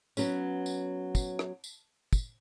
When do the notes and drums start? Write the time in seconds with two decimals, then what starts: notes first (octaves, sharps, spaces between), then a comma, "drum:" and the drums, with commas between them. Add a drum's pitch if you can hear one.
0.17 F#3 B3 C#4, drum: tambourine
0.66 drum: tambourine
1.15 drum: kick, tambourine
1.39 drum: rim click
1.64 drum: tambourine
2.13 drum: kick, tambourine